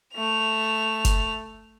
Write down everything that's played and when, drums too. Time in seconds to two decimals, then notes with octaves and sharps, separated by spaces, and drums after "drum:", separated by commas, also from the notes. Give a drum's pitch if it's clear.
0.14 A3 F7
1.05 drum: kick F#1, hi-hat